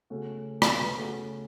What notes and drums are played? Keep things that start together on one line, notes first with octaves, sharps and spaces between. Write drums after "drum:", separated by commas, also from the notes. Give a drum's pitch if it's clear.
C#3 A3 C#4 F#4
drum: rim click
C#3 A3 C#4 F#4